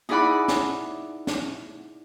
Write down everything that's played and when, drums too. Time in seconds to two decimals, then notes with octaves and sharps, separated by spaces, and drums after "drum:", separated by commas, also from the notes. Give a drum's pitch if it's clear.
0.09 D#4 E4 G#4 D5 F#5 B5
0.48 drum: snare
1.27 drum: snare